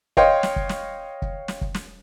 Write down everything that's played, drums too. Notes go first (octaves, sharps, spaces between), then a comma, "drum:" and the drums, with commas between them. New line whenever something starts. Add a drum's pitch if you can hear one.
C#5 D#5 F5 G5 C6, drum: kick
drum: snare
drum: kick
drum: snare
drum: kick
drum: snare
drum: kick
drum: snare